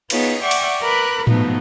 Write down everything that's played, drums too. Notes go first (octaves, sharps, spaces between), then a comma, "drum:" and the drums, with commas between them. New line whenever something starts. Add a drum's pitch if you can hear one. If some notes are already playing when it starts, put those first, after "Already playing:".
B3 D#4 F4 G#4 B4 C#5, drum: cymbal
D5 E5 F#5 G5 C#6 D6
drum: cymbal
A#4 B4 B5 D6 F#6
G#2 B2 F3 A3 B3 D#4, drum: tom A2